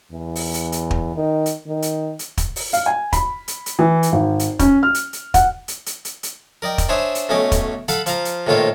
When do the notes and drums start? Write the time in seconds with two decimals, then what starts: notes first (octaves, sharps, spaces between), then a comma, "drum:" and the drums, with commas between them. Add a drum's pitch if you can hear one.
0.12 E2
0.36 drum: open hi-hat
0.54 drum: hi-hat
0.72 drum: hi-hat
0.91 drum: kick
1.16 D#3
1.46 drum: hi-hat
1.67 D#3
1.82 drum: hi-hat
2.19 drum: hi-hat
2.38 drum: kick, hi-hat
2.56 drum: open hi-hat
2.73 F5, drum: hi-hat
2.86 G#5
3.13 B5, drum: kick, hi-hat
3.48 drum: hi-hat
3.66 drum: hi-hat
3.79 E3
4.03 drum: hi-hat
4.12 G#1
4.39 drum: hi-hat
4.59 C#4, drum: kick, hi-hat
4.83 F6
4.95 drum: hi-hat
5.13 drum: hi-hat
5.34 F#5, drum: kick, hi-hat
5.68 drum: hi-hat
5.86 drum: hi-hat
6.05 drum: hi-hat
6.23 drum: hi-hat
6.62 A#4 D5 D#5 G5
6.78 drum: kick, hi-hat
6.89 D4 C5 C#5 E5 G#5 D#6
7.15 drum: hi-hat
7.29 B1 A3 C#4 D#5 G#5 D6
7.52 drum: kick, hi-hat
7.88 A4 F5 F#5 B5, drum: hi-hat
8.06 F3 F5 A#5, drum: hi-hat
8.25 drum: hi-hat
8.47 A#1 A2 D#3 F4 A4 C#5